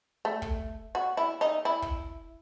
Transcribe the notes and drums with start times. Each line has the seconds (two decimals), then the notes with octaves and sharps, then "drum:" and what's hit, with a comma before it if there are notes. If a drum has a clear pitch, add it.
0.25 A3
0.42 drum: kick
0.95 F#4
1.17 E4
1.41 D#4
1.65 E4
1.82 drum: kick